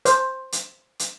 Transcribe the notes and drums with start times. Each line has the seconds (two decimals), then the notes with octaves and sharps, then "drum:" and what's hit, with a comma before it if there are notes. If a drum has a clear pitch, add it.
0.05 C5, drum: hi-hat
0.52 drum: hi-hat
0.99 drum: hi-hat